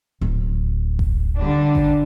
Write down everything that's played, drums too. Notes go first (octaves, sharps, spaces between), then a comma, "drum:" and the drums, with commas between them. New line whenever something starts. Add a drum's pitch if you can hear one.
D1
drum: kick G#1
D3 G3 D4
drum: kick G#1